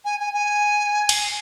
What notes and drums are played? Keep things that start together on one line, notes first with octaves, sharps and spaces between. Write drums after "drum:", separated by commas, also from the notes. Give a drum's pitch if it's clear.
G#5
G#5
G#5
drum: cymbal